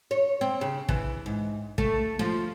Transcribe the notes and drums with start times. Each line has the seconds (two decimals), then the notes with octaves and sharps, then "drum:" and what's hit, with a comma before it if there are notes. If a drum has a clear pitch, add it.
0.11 C#5
0.41 C4
0.61 C#3
0.89 E3, drum: kick
1.26 G#2
1.78 A3, drum: kick
2.19 F3